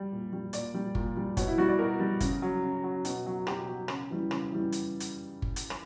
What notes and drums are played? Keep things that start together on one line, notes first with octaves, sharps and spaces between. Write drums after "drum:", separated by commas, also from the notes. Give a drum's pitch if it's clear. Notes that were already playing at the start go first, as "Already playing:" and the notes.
Already playing: G3
A#2
G3
A#2 D5, drum: hi-hat
G3
A#2, drum: kick G1
G3
B2 C#5, drum: kick G1, hi-hat
E4
G3 F#4
D5
B2 A#4
G3
C#3, drum: kick G1, hi-hat
F#3
C#3
F#3
B2, drum: hi-hat
F#3
B2 G4, drum: rim click
F#3
C#3, drum: rim click
E3 G3
C#3, drum: rim click
E3 G3
drum: hi-hat
drum: hi-hat
drum: kick G1
drum: hi-hat
drum: rim click